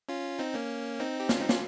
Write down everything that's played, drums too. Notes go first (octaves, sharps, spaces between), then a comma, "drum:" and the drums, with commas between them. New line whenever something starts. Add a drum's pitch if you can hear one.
C#4 F4
C4 D#4
A#3 C#4
C4 D#4
G4
C#4 F4, drum: snare
C4 D#4
C#4 F4, drum: snare